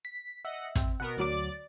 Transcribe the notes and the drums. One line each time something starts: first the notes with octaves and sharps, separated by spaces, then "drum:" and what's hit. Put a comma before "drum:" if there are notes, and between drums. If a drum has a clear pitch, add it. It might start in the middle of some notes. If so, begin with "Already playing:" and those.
B6
D#5 E5 F#5
C4, drum: kick, hi-hat
B2 B3 A#4 F#5
D2 F#3 D5 D6 A6